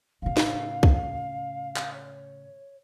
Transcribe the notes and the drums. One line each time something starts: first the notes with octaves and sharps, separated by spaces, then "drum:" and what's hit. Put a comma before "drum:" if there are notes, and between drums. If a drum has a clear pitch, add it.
A2 C#3 F5
drum: snare
drum: kick
drum: clap
C#5